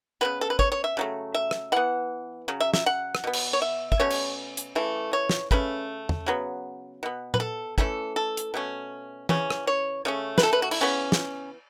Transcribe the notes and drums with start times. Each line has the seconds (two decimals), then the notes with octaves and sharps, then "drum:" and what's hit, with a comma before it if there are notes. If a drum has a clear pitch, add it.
0.21 C#3 F#3 B3 B4
0.41 A4
0.50 B4
0.59 C#5, drum: kick
0.72 C#5
0.84 E5
0.97 C#3 F#3 A3
1.34 E5
1.51 drum: rim click
1.72 E3 B3 F#5
2.48 C#3 F#3
2.60 E5
2.74 E5, drum: snare
2.86 F#5
3.15 drum: rim click
3.24 B2 B3
3.33 drum: cymbal
3.53 C#5
3.62 E5
3.92 E5, drum: kick
3.99 B2 A3 C#4 C#5
4.10 drum: cymbal
4.57 drum: hi-hat
4.75 C#3 E3 A3
5.13 C#5
5.29 drum: snare
5.51 C#3 A3 C#4 B4, drum: kick
6.09 drum: tom
6.26 C#3 F#3 B3
7.03 B2 B3
7.34 B4, drum: tom
7.40 A4
7.78 E3 A3 C#4 A4, drum: kick
8.16 A4
8.37 drum: hi-hat
8.54 B2 A3 C#4
9.29 C#3 E3 C#4, drum: tom
9.50 drum: rim click
9.67 C#5
10.05 C#3 A3 C#4 C#5
10.38 B4, drum: snare
10.43 A4
10.53 B4
10.62 F#4
10.71 E4, drum: cymbal
10.81 C#3 E3 B3 C#4
11.12 drum: snare